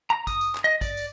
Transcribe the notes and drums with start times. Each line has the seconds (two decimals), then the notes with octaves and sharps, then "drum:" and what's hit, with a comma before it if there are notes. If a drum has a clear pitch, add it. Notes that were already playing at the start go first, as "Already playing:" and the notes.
0.10 A#5
0.27 D#6, drum: kick, tambourine
0.41 drum: tambourine
0.55 drum: clap
0.64 D#5
0.81 D5, drum: kick, tambourine
0.97 drum: tambourine